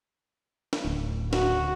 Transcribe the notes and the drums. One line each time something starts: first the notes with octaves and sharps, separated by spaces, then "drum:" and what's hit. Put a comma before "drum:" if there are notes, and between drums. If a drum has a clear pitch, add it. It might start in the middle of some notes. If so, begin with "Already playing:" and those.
drum: snare
D1
F#4, drum: snare